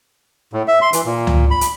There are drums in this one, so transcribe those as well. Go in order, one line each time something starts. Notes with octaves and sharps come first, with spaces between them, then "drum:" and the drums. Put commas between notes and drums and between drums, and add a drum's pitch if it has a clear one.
A2
E5
C6
E3, drum: hi-hat
A#2
drum: tom C#2
B5
drum: hi-hat